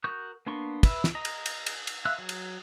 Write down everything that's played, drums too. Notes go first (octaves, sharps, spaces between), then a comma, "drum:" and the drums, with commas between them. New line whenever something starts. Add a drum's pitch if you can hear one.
F#4 A#4 C#6 D#6 G6
A#3 B3 D4 C6 C#6
B4 E5, drum: kick, cymbal
drum: snare
D#5 A#5
drum: cymbal
drum: cymbal
drum: cymbal
drum: cymbal
E5 F5 C6 E6 F#6
F#3
drum: cymbal